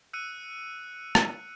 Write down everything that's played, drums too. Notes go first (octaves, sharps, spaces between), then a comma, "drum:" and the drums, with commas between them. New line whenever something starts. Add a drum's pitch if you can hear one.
E6 F#6 C#7 D#7
drum: rim click